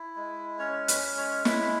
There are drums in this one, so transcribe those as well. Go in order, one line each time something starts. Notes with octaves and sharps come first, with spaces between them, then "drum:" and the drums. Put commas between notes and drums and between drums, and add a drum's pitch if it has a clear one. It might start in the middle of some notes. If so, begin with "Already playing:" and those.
Already playing: E4
G#3
C#4 C#5
B4, drum: hi-hat
G#3
C#5
E4 B4, drum: snare